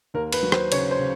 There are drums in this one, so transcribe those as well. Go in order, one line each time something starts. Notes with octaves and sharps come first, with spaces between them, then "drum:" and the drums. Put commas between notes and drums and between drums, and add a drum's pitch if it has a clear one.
D#2 A#4
B4, drum: cymbal
F#3
C5, drum: rim click
C#3 C#5, drum: cymbal
C5
C#3